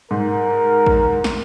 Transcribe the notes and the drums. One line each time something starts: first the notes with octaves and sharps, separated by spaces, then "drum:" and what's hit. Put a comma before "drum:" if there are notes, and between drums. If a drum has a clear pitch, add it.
G#2 A#4
drum: kick A1
drum: snare